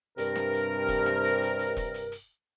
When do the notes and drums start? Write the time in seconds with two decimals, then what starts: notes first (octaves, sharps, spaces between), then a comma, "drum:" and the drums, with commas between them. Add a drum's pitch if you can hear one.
0.18 G2 C3 A#4, drum: hi-hat
0.36 drum: snare
0.53 drum: hi-hat
0.88 drum: kick E1, hi-hat
1.06 drum: snare
1.24 drum: hi-hat
1.41 drum: hi-hat
1.59 drum: hi-hat
1.77 drum: kick E1, hi-hat
1.94 drum: hi-hat
2.12 drum: hi-hat